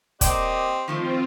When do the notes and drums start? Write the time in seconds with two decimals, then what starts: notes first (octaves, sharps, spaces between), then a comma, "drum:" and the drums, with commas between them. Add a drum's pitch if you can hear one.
0.21 A#3 C4 G4 D5 D#5, drum: kick, hi-hat
0.88 D#3 F3 A3 C4 F4